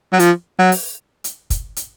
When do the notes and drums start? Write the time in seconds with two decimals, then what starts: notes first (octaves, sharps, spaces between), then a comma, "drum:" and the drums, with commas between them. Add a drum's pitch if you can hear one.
0.13 F#3
0.19 F3, drum: hi-hat
0.59 F#3
0.72 drum: open hi-hat
1.24 drum: hi-hat
1.50 drum: kick, hi-hat
1.76 drum: hi-hat